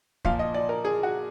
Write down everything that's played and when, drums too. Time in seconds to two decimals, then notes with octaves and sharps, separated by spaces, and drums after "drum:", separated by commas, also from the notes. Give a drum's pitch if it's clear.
0.25 A#2 F3 F5, drum: kick
0.39 D#5
0.54 D5
0.69 A#4
0.85 G#4
1.03 F#4